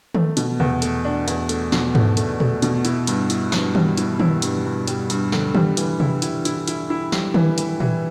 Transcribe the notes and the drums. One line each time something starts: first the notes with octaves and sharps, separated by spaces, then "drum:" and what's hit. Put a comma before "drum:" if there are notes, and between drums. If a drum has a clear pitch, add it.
A3, drum: tom D#3
B2, drum: hi-hat
E2, drum: tom C3
A3, drum: hi-hat
D4
E2, drum: hi-hat
A3, drum: hi-hat
B2, drum: snare
A3, drum: tom G#2
A3, drum: hi-hat
A3, drum: tom A#2
B2, drum: hi-hat
E4, drum: hi-hat
G2, drum: hi-hat
E4, drum: hi-hat
G2, drum: snare
G3, drum: tom D#3
E4, drum: hi-hat
E4, drum: tom D#3
G2, drum: hi-hat
G2
G3, drum: hi-hat
G2, drum: hi-hat
D3, drum: snare
G3, drum: tom D#3
E3, drum: hi-hat
E4, drum: tom C3
E4, drum: hi-hat
E4, drum: hi-hat
E4, drum: hi-hat
E4
G3, drum: snare
E3, drum: tom D#3
E3, drum: hi-hat
E3, drum: tom A#2